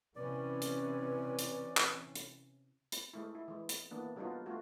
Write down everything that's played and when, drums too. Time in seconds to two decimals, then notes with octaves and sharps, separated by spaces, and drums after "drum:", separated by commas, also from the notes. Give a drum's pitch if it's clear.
0.16 C3 E3 C#4 B4 D5
0.62 drum: hi-hat
1.39 drum: hi-hat
1.77 drum: clap
2.15 drum: hi-hat
2.92 drum: hi-hat
3.13 G#3 A3 E4
3.35 E4
3.48 E3 G#3
3.69 drum: hi-hat
3.91 E3 A#3 B3 D4
4.16 F#3 G3 B3 D4 D#4 F4
4.46 A3 F4 F#4